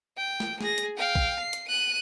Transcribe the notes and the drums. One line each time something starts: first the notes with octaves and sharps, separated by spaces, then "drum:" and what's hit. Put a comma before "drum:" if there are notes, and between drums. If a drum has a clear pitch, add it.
G5
drum: snare
G#4 A#6, drum: snare
drum: hi-hat
F5 G5
drum: kick
C7
drum: hi-hat
F#6 D#7